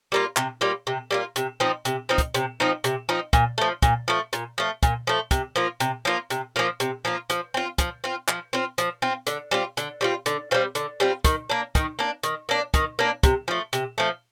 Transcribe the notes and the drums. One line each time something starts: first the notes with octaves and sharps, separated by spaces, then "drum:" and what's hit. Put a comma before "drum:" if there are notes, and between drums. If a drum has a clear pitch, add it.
G3 A#3 F4
C3, drum: clap
G3 A#3 F4
C3
G3 A#3 F4
C3, drum: hi-hat
F3 C4 D#4
C3, drum: hi-hat
F3 C4 D#4
drum: kick, hi-hat
C3, drum: hi-hat
F3 C4 D#4
C3, drum: hi-hat
F3 C4 D#4
A#2, drum: kick, hi-hat
F3 A3
A#2, drum: kick, hi-hat
F3 A3
A#2, drum: hi-hat
F3 A3
A#2, drum: kick, hi-hat
F3 A3
C3, drum: kick, hi-hat
F3 A#3 F4
C3, drum: hi-hat
F3 A#3 F4
C3, drum: hi-hat
F3 A#3 F4
C3, drum: hi-hat
F3 A#3 F4
F3, drum: hi-hat
C4 F4
F3, drum: kick, hi-hat
C4 F4
F3, drum: clap
C4 F4
F3, drum: hi-hat
C4 F4
D3, drum: hi-hat
G3 C4 F4
D3, drum: hi-hat
G3 C4 F4
D3, drum: hi-hat
G3 C4 F4
D3, drum: hi-hat
G3 C4 F4
D#3, drum: kick, hi-hat
A#3 D4
D#3, drum: kick, hi-hat
A#3 D4
D#3, drum: hi-hat
A#3 D4
D#3, drum: kick, hi-hat
A#3 D4
C3, drum: kick, hi-hat
F3 A3
C3, drum: hi-hat
F3 A3